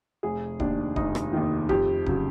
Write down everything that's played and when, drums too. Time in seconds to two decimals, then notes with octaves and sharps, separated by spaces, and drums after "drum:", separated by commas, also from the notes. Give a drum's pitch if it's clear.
0.23 F1 G#4
0.60 D#2 D#3 D4, drum: kick D1
0.96 F1 D#4, drum: kick D1
1.15 drum: rim click
1.33 D#2 D#3
1.69 F2 G4, drum: kick D1
2.06 C#3 F#3, drum: kick D1